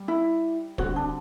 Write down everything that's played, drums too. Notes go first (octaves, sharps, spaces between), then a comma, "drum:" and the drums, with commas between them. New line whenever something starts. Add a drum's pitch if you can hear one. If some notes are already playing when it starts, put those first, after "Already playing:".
Already playing: G3
E4
D3 G3 C4 F#4, drum: kick
D4